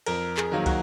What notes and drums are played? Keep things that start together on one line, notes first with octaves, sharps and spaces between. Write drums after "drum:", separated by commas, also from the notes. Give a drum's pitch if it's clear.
F2 A#4, drum: cymbal
G#4, drum: clap
D#3 F#3 A#3
F#4, drum: kick, cymbal